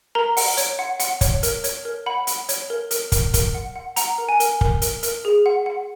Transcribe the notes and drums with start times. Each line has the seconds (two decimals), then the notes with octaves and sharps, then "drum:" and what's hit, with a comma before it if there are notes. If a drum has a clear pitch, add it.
0.15 A#4 A#5
0.37 F#5, drum: open hi-hat
0.57 C#5, drum: hi-hat
0.79 F#5
1.00 F#5, drum: hi-hat
1.21 C#5, drum: kick, hi-hat
1.43 A#4, drum: hi-hat
1.64 C#5, drum: hi-hat
1.85 A#4
2.06 F#5 B5
2.27 F#5, drum: hi-hat
2.49 C#5, drum: hi-hat
2.70 A#4
2.91 A#4, drum: hi-hat
3.12 A#4, drum: kick, hi-hat
3.34 A#4, drum: kick, hi-hat
3.55 F#5
3.76 F#5
3.96 F#5 A#5, drum: hi-hat
4.18 A#4
4.29 G#5
4.40 A#4, drum: hi-hat
4.61 A#4, drum: kick
4.82 A#4, drum: hi-hat
5.03 A#4, drum: hi-hat
5.25 G#4
5.46 F#5
5.66 F#5